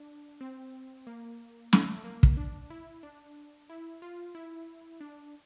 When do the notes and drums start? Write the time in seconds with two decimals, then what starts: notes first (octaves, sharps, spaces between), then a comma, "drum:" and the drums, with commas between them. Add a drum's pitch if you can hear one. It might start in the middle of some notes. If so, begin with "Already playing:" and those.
Already playing: D4
0.41 C4
1.07 A#3
1.73 A3, drum: snare
2.04 A#3
2.23 drum: kick
2.37 D4
2.70 E4
3.03 D4
3.70 E4
4.02 F4
4.35 E4
5.01 D4